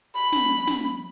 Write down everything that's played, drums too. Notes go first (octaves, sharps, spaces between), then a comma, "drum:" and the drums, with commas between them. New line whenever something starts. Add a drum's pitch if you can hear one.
B5
drum: snare
drum: snare